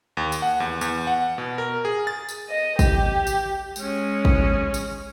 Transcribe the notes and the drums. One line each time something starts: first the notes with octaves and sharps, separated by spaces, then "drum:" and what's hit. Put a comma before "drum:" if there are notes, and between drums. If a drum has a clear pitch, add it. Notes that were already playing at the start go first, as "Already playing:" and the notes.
D#2
drum: tambourine
F#5
E2
E2, drum: tambourine
F#5
B2
A#4
G#4
A6
drum: tambourine
D#5
G4, drum: kick, tambourine
drum: tambourine
G#3 C#4, drum: tambourine
drum: kick
drum: tambourine